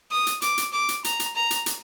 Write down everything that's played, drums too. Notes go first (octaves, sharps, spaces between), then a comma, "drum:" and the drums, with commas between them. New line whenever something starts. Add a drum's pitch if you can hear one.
D#6
drum: hi-hat
D6, drum: hi-hat
drum: hi-hat
D6
drum: hi-hat
A#5, drum: hi-hat
drum: hi-hat
A#5
drum: hi-hat
drum: hi-hat